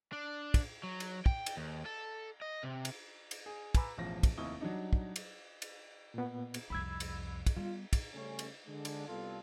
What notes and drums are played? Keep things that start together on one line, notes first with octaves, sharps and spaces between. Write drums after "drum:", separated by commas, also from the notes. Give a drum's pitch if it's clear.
D4
drum: kick, cymbal
F#3
drum: cymbal
G5, drum: kick
drum: cymbal
D#2
A4
D#5
C3
drum: cymbal
drum: cymbal
G#4
B4 G#5 A#5 B5 D6 E6, drum: kick, cymbal
E1 A1 F3 A#6
drum: kick, cymbal
F1 D#2 E4 C#6 D#6 G7
F#3 G3 D4 D#4
drum: kick
drum: cymbal
drum: cymbal
A#2 B3
drum: cymbal
C2 F2 B5 E6 G#6
drum: cymbal
drum: kick, cymbal
G3 B3 F4
drum: kick, cymbal
C#3 G3 A3 C#4
drum: cymbal
D3 G#3 D4
drum: cymbal
C2 G3 B3 F4 A4